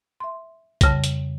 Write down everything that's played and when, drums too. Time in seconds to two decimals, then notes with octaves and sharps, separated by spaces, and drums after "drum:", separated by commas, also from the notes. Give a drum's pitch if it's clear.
0.20 E5 C6
0.81 F2 C#3 G3 A#6, drum: kick B1, hi-hat
1.04 drum: hi-hat